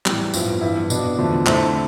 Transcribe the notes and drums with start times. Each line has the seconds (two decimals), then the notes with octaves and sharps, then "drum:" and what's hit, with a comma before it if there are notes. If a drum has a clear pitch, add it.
0.06 A2 E3 G3, drum: clap
0.34 G2 F3 B3 E4, drum: tambourine
0.61 G2 E3 B3 E4
0.90 B2 B3 D4, drum: tambourine
1.18 E2 D3 F3 A3
1.46 D3 A3 C4 E4, drum: clap